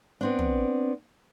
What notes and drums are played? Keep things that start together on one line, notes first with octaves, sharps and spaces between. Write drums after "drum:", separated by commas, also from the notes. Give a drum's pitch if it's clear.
B3 C4 D4
drum: tom